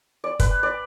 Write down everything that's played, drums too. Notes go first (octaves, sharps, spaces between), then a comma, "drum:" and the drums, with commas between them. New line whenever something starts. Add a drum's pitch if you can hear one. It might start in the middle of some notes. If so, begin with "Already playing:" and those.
D5
B4, drum: kick, hi-hat
D5